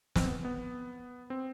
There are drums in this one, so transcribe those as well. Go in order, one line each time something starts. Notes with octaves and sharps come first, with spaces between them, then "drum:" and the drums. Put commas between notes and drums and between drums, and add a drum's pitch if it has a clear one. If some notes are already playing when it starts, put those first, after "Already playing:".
C4, drum: snare
B3
B3
C4